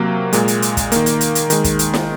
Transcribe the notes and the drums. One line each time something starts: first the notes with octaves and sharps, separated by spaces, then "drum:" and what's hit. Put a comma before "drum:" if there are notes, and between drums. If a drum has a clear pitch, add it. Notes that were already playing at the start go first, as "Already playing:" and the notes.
Already playing: C3 F#3 A#3
A#2 G#3, drum: hi-hat
drum: hi-hat
drum: hi-hat
drum: kick, hi-hat
D#3 A#3, drum: hi-hat
drum: hi-hat
drum: hi-hat
drum: hi-hat
D#3 G#3, drum: hi-hat
drum: kick, hi-hat
drum: hi-hat
drum: snare